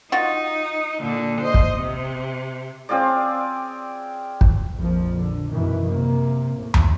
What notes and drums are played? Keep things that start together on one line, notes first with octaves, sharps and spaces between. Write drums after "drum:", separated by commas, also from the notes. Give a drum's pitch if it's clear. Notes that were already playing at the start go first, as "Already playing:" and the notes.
D#4 F4 F#4
A#2 D3
C5 D#5
drum: kick
C3
C4 F4 G#4 D5
drum: kick
A#1 F2 A#2 F3
D3
F#2 B2 D#3 E3
C3 A#3
A2
drum: tom E2